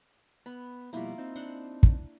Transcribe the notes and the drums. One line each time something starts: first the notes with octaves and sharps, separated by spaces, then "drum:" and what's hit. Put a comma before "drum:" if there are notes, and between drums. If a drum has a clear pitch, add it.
B3 B5
F2 B2 G3 A#3 E4 F4
C4 D#4
D4 F#5 C6
drum: kick